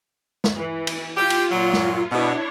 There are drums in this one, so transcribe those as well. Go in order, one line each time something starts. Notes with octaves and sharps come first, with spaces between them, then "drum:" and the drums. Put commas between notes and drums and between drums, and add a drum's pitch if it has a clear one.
drum: snare
E3
drum: cymbal
F4 G4
drum: cymbal
A#2 F#3
drum: snare
B2 D4 E4 C#5